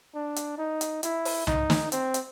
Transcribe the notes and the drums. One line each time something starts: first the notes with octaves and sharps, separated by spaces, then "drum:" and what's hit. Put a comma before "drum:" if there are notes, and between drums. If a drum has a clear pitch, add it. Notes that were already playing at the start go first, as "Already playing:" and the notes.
D4
drum: hi-hat
D#4
drum: hi-hat
E4, drum: hi-hat
drum: open hi-hat
D#4, drum: tom C2
drum: snare
C4, drum: hi-hat
drum: hi-hat